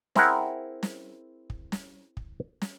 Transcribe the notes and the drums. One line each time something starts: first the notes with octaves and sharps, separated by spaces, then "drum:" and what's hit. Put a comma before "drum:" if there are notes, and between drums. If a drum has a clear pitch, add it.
C4 E4 G#4 A#4 F#5, drum: snare
drum: snare
drum: kick
drum: snare
drum: kick
drum: snare